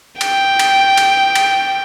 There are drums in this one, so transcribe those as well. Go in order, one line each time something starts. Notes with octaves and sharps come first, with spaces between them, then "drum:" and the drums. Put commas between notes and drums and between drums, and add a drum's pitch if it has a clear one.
G5, drum: cymbal
drum: cymbal
drum: cymbal
drum: cymbal